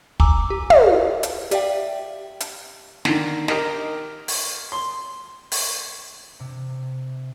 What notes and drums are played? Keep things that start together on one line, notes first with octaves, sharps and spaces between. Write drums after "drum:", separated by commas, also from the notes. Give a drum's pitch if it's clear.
G#5 A#5 D6 E6, drum: kick
G4
drum: tom
drum: hi-hat
G4 D5 E5 F5 G5, drum: hi-hat
drum: hi-hat
D3 D#3, drum: snare
G4 A#4 D#5, drum: snare
drum: open hi-hat
C6
drum: open hi-hat
C3